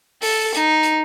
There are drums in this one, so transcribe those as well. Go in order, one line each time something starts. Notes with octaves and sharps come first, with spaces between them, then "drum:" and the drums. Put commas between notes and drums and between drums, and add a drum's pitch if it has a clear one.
A4, drum: open hi-hat
D#4, drum: hi-hat
drum: hi-hat